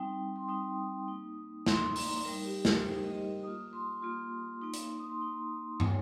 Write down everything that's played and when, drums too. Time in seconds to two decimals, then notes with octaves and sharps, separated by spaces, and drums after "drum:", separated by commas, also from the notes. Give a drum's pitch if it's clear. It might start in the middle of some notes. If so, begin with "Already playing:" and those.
Already playing: G3 C4 D#4 G5
0.36 C6
0.48 G3 C4 D#4 D#6
1.08 A#3 D#4
1.66 A#3 D#4 C6, drum: snare
1.96 A#5, drum: open hi-hat
2.25 G3 D#4 A#4
2.45 G4
2.65 A#4, drum: snare
2.84 G3 D#4 C5
3.04 D#5
3.43 A#3 F4 D#6
3.73 C6
4.02 A#3 F4
4.61 A#3 D#4
4.73 drum: hi-hat
4.99 D#6
5.09 C6
5.21 A#3 D#4 A#5
5.80 G3 D#4, drum: tom